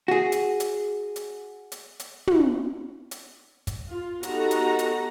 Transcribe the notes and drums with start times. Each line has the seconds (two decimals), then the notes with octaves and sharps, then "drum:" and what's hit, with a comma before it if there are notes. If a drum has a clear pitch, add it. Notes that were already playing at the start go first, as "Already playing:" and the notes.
0.08 F#4 G#4
0.32 drum: hi-hat
0.60 drum: hi-hat
1.16 drum: hi-hat
1.72 drum: hi-hat
2.00 drum: hi-hat
2.27 drum: tom
3.11 drum: hi-hat
3.67 drum: kick, hi-hat
3.88 F4
4.23 B3 D#4 F#4 G4 A4 A#5, drum: hi-hat
4.51 drum: hi-hat
4.79 drum: hi-hat